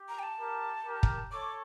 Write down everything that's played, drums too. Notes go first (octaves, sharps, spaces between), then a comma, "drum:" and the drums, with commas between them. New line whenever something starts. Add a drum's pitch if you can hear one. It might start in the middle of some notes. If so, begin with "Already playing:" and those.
Already playing: G4
A#5
G5
A5
G4 A#4
G4 A#4
drum: kick
A4 C#5 D6